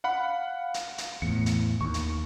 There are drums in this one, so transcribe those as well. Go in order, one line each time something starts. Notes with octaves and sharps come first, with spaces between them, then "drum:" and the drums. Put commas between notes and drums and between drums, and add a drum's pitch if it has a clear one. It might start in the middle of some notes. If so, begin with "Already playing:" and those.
F5 F#5 B5
drum: hi-hat
drum: hi-hat
E2 A2 C#7
drum: hi-hat
D#2 C#6
drum: hi-hat